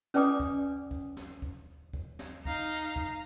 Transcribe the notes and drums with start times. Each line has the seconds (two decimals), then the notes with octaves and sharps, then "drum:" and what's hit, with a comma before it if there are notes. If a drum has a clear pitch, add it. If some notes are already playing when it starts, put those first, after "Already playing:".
0.14 C#4 B4 D5 G#5 D6 D#6, drum: snare
0.40 drum: kick
0.91 drum: kick
1.17 drum: snare
1.42 drum: kick
1.93 drum: kick
2.19 drum: snare
2.45 D#4 F5 A#5, drum: kick
2.96 drum: kick